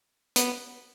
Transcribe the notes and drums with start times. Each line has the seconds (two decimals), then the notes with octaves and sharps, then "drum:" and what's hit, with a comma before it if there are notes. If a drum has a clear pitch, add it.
0.36 B3, drum: hi-hat